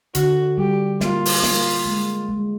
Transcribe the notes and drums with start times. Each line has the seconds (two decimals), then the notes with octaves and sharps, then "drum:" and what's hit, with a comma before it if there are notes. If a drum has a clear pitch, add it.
0.15 D3 F#4, drum: hi-hat
0.58 G3 G4
1.01 A#3 F4, drum: snare
1.25 drum: open hi-hat
1.43 A#3, drum: snare
1.86 G#3
2.29 G#3